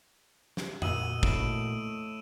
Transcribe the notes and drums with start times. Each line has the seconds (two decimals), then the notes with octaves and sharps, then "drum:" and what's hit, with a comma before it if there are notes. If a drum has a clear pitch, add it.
0.57 drum: snare
0.82 A#2 F#4 D#5 E6 D#7 F#7, drum: tom F2
1.23 A2 B5 D7 E7, drum: kick